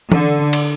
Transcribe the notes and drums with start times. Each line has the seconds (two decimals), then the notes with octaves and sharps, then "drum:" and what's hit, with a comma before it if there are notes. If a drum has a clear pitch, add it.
0.12 D3, drum: tom E3
0.53 drum: cymbal